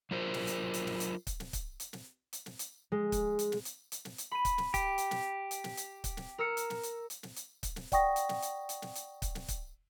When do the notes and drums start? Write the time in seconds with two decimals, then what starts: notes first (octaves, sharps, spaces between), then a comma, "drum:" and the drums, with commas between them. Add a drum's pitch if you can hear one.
0.11 F#3 F4 A#4 C5
0.34 drum: snare
0.47 drum: hi-hat
0.74 drum: hi-hat
0.87 drum: snare
1.00 drum: hi-hat
1.27 drum: kick C#1, hi-hat
1.40 drum: snare
1.53 drum: kick C#1, hi-hat
1.80 drum: hi-hat
1.93 drum: snare
2.33 drum: hi-hat
2.46 drum: snare
2.59 drum: hi-hat
2.92 G#3
3.12 drum: kick C#1, hi-hat
3.39 drum: hi-hat
3.52 drum: snare
3.65 drum: hi-hat
3.92 drum: hi-hat
4.05 drum: snare
4.18 drum: hi-hat
4.31 B5 D#7
4.45 drum: kick C#1, hi-hat
4.58 drum: snare
4.74 G4, drum: kick C#1, hi-hat
4.98 drum: hi-hat
5.11 drum: snare
5.51 drum: hi-hat
5.64 drum: snare
5.77 drum: hi-hat
6.04 drum: kick C#1, hi-hat
6.17 drum: snare
6.38 A#4 E6 C#7
6.57 drum: hi-hat
6.70 drum: snare
6.83 drum: hi-hat
7.10 drum: hi-hat
7.23 drum: snare
7.36 drum: hi-hat
7.63 drum: kick C#1, hi-hat
7.76 drum: snare
7.92 D5 F#5 G5 C#6 D#6 A#6, drum: kick C#1, hi-hat
8.16 drum: hi-hat
8.29 drum: snare
8.42 drum: hi-hat
8.69 drum: hi-hat
8.82 drum: snare
8.95 drum: hi-hat
9.22 drum: kick C#1, hi-hat
9.35 drum: snare
9.48 drum: kick C#1, hi-hat